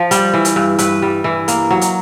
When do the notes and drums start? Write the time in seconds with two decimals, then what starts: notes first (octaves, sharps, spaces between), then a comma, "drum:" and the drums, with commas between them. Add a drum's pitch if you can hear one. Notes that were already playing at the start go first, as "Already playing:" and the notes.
Already playing: F3
0.11 G3, drum: hi-hat
0.33 E3
0.45 drum: hi-hat
0.56 G2
0.79 G2 B4, drum: hi-hat
1.02 G3
1.24 E3
1.48 A#3, drum: hi-hat
1.71 F#3
1.81 drum: hi-hat